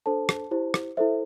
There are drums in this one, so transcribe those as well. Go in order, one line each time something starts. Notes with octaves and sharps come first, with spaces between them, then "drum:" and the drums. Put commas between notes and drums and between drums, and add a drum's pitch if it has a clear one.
D4 A4 C5 A5
drum: rim click
E4 G4 C5
drum: rim click
E4 A4 C5 E5